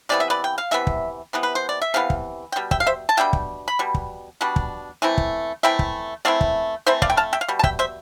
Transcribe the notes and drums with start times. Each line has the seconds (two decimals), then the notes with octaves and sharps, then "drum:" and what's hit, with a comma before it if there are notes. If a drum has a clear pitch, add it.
0.09 C3 E3 B3 D5
0.20 E5
0.30 B4 D5
0.44 G5
0.58 F5
0.71 C3 E3 B3 E5
0.87 drum: kick
1.33 C3 E3 B3
1.43 B4
1.55 C5
1.69 D5
1.82 E5
1.94 C3 E3 B3 F5
2.10 drum: kick
2.52 G5
2.56 B2 G3
2.71 E5 G5, drum: kick
2.80 F5
2.86 C5 E5
3.09 A5
3.17 B2 G3 D4 E5 G5
3.33 drum: kick
3.68 B5
3.79 B2 G3
3.94 drum: kick
4.41 B2 G3 D4
4.56 drum: kick
5.02 E3 A3 C4 E4
5.18 drum: kick
5.63 E3 A3 C4 E4 E5 G5
5.79 drum: kick
6.25 E3 A3 C4 E4 D5 F5
6.41 drum: kick
6.86 E3 A3 C4 E4 C5 E5
7.02 D5 F5, drum: kick
7.10 G5
7.17 F5 A5
7.33 E5 G5
7.41 F5
7.48 B2 G3
7.59 A5
7.63 E5 G5, drum: kick
7.79 C5 E5